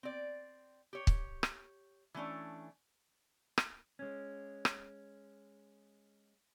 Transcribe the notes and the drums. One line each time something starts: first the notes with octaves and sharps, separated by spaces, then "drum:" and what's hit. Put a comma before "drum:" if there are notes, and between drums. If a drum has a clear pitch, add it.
C4 D5
G4 C#5
drum: kick
drum: rim click
E3 A3 C#4 D4
drum: rim click
G#3 C#4
drum: rim click